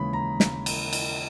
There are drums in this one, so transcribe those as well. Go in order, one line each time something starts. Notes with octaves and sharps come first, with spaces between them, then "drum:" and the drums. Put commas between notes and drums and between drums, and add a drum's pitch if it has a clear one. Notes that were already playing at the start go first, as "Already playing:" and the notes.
Already playing: D#2 C#3 E3 G#3 B5
A#5
drum: snare
drum: cymbal
drum: cymbal